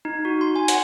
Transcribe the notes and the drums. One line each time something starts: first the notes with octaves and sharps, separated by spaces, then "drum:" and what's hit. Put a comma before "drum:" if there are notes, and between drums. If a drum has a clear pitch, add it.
D#4
F#4
C6
G#5
F#5, drum: hi-hat